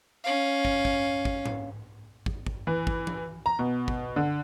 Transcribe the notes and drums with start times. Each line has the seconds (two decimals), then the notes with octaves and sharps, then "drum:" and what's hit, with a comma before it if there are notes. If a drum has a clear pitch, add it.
0.24 C#4 F5
0.65 drum: kick
0.85 drum: kick
1.25 drum: kick
1.46 drum: tom G#2
2.26 drum: kick
2.47 drum: kick
2.67 E3
2.87 drum: kick
3.07 drum: tom E3
3.46 A#5
3.59 B2
3.88 drum: kick
4.16 D3